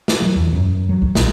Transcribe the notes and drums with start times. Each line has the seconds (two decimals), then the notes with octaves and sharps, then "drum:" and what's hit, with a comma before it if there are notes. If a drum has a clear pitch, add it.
0.08 drum: snare
0.22 F#3
0.36 E2
0.53 F#2
0.89 F#3
1.02 drum: kick C2
1.15 A#1, drum: snare